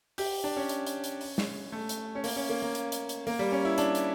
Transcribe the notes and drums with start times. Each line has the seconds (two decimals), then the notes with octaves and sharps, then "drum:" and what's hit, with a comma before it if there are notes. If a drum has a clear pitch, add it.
0.18 G4, drum: open hi-hat
0.44 D4
0.57 C#4
0.69 drum: hi-hat
0.87 drum: hi-hat
1.04 drum: hi-hat
1.21 drum: open hi-hat
1.38 drum: snare
1.72 A3
1.89 drum: hi-hat
2.15 C#4
2.24 A#3, drum: open hi-hat
2.36 C#4
2.49 A#3
2.62 A#3
2.75 drum: hi-hat
2.92 drum: hi-hat
3.09 drum: hi-hat
3.27 A#3, drum: open hi-hat
3.39 G3
3.52 C#4
3.65 E4
3.78 D4, drum: hi-hat
3.95 drum: hi-hat